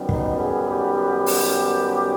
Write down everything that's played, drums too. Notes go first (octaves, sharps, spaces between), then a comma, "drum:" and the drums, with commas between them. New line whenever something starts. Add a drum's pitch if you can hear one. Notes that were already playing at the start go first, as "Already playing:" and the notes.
Already playing: F#2 D#3 G3 B3
D#4, drum: kick
G#4
G4
drum: open hi-hat